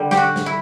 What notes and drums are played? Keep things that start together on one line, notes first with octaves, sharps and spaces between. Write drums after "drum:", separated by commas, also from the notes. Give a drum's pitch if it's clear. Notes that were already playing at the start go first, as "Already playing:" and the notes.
Already playing: D3 G3
G4, drum: snare
F#4
drum: snare
E4